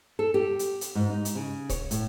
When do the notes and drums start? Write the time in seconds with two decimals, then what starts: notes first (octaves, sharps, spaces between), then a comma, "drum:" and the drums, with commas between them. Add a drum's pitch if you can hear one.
0.19 A4
0.34 G4
0.59 drum: hi-hat
0.81 drum: hi-hat
0.95 G#2
1.10 D#4
1.25 drum: hi-hat
1.35 C#3
1.70 C#5, drum: kick C#1, hi-hat
1.91 A2, drum: hi-hat